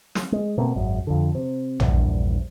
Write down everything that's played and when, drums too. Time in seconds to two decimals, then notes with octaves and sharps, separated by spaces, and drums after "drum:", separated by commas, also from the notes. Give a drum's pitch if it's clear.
0.15 drum: snare
0.32 G#3
0.58 B2 A3 A#3 C4
0.76 G#1 F#2
1.07 F2 D3
1.35 C3
1.80 A#1 E2 G2, drum: tom